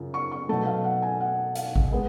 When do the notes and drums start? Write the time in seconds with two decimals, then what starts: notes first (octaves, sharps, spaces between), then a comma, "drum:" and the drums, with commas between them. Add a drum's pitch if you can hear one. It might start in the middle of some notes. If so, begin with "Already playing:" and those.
Already playing: F#2 C#3 F3
0.14 C#6
0.31 C#6
0.49 B2 F#3 A3 A5
0.66 F5
0.84 F#5
1.02 G#5
1.20 F#5
1.55 F5, drum: hi-hat
1.76 drum: kick G#1
1.92 G#3 B3